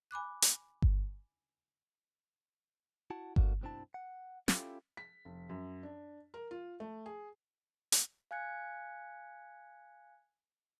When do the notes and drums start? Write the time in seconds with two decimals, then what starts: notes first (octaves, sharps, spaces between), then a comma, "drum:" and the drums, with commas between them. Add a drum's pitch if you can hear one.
0.11 G#5 B5 D6 F#6
0.42 drum: hi-hat
0.82 drum: kick G1
3.10 E4 F#4 F#5 A5
3.36 D3 A3 A#3 D4 F#4, drum: kick G1
3.61 B1 F#2 C4 D4 E4 A5
3.94 F#5
4.48 C#4 E4 F4 G4 A4 F5, drum: snare
4.97 B6
5.25 F1
5.49 F#2
5.83 D4
6.34 A#4
6.51 F4
6.80 A3
7.06 G#4
7.92 drum: hi-hat
8.31 F5 G#5 F#6 G#6 C#7